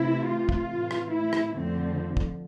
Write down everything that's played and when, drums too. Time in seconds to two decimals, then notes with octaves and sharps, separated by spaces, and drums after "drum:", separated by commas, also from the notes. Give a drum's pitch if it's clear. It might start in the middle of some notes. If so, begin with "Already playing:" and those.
Already playing: C3 E3 A3 C4 E4
0.28 F4
0.49 drum: kick
0.70 A2 E3 A3 C4
0.91 drum: rim click
1.12 E4
1.33 drum: rim click
1.54 F2 D3 F3 A3 C4
2.17 drum: kick